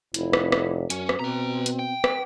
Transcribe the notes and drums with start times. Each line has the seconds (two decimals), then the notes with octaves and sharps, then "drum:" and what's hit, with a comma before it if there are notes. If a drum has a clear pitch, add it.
0.14 F1 E4, drum: hi-hat
0.33 drum: rim click
0.52 drum: rim click
0.90 F#2 C#4, drum: hi-hat
1.09 drum: rim click
1.20 B2 C4 B4 A#5
1.66 drum: hi-hat
1.79 G5
2.04 drum: rim click